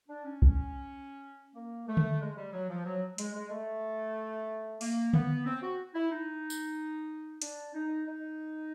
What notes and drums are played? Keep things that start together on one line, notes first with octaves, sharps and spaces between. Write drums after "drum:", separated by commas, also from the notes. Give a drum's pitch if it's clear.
D4
C#4
drum: kick B1
A#3
A3
drum: tom D3
G#3
G3
F#3
F3
F#3
G#3, drum: hi-hat
G#3
A3
A#3, drum: open hi-hat
B3, drum: tom D3
C4
F#4
E4
D#4
drum: tambourine
D4, drum: hi-hat
D#4
D#4